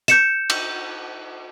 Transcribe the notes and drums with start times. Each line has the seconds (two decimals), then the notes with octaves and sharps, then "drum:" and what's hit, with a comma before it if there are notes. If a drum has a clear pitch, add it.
0.08 G6 C#7 E7, drum: hi-hat
0.50 drum: cymbal